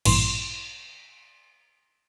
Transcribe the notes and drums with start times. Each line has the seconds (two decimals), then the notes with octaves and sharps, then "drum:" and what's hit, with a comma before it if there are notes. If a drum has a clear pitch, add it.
0.05 A1 G2 A#2 E3 C6, drum: cymbal